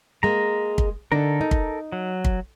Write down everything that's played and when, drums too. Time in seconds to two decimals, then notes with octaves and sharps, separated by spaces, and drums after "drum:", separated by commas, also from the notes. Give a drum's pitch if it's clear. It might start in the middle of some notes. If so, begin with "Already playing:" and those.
0.23 G#3 A#3 A#5
0.78 drum: kick
1.12 D3 D4 D#4 A4 A#4
1.41 D#4
1.51 drum: kick
1.92 F#3
2.25 drum: kick